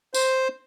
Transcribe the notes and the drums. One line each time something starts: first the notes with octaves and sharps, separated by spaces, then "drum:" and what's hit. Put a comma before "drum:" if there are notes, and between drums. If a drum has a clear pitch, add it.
C5, drum: tambourine